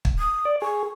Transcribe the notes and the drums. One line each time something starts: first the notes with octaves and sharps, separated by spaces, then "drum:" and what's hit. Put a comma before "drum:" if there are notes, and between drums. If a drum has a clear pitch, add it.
drum: kick
D#6
D5
G#4 C#6